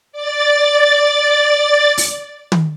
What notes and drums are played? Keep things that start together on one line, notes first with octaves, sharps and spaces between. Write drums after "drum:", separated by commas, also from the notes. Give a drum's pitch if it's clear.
D5 A6
drum: open hi-hat
drum: tom